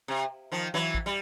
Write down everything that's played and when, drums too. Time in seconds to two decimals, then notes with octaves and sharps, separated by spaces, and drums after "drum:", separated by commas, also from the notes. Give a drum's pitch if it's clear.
0.08 C3
0.52 D#3 F3
0.74 E3 F#3
0.95 drum: kick A1
1.06 G3